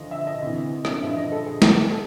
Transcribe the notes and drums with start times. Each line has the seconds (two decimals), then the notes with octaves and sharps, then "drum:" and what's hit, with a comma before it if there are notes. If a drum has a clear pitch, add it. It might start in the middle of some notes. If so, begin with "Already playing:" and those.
Already playing: D2 D3 F3 D#5
0.11 E5
0.27 D#5
0.42 D2 C3 E3
0.85 drum: rim click
1.01 G2 D3 F3 E5
1.17 D#5
1.32 A4
1.46 G#4
1.62 G#2 D#3 G#4, drum: snare
1.91 A4